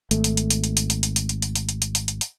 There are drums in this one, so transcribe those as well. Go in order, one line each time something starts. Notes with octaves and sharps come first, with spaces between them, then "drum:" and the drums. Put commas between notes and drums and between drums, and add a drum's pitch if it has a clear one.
G#1 A3, drum: hi-hat
drum: hi-hat
drum: hi-hat
drum: hi-hat
drum: hi-hat
drum: hi-hat
drum: hi-hat
drum: hi-hat
drum: hi-hat
drum: hi-hat
drum: hi-hat
drum: hi-hat
drum: hi-hat
drum: hi-hat
drum: hi-hat
drum: hi-hat
drum: hi-hat